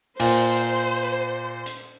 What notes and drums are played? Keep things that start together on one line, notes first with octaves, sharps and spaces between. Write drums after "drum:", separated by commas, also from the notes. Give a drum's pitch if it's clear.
A#2 C5, drum: cymbal
drum: hi-hat